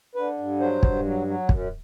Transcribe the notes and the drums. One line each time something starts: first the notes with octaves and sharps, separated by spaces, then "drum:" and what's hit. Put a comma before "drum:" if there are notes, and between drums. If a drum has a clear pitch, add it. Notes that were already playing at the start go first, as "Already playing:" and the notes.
D3 B4
G2
F#3 C5
G2, drum: kick
F#3
F#3
F#2, drum: kick